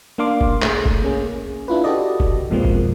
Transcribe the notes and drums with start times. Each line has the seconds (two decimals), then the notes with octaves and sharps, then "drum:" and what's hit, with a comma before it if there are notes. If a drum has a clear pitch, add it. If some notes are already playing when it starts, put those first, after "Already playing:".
0.18 A#3 D4 F5 C6 D6
0.41 drum: kick
0.62 A3 G#4, drum: clap
0.86 drum: kick
1.02 A#3 C#4 G#4
1.68 D4 E4 F4 B4
1.84 F#4 G4 A4 D5 D#5
2.20 drum: kick
2.50 F2 B2 F3 G#3 A#3 C4
2.65 drum: kick